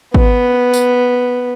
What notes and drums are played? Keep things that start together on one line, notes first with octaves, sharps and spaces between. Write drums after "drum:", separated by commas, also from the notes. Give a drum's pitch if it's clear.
B3, drum: kick G#1
drum: tambourine